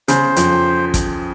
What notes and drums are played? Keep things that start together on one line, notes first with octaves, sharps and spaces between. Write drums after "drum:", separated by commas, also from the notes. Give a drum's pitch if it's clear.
C#3 C5, drum: hi-hat
F2, drum: hi-hat
drum: kick, hi-hat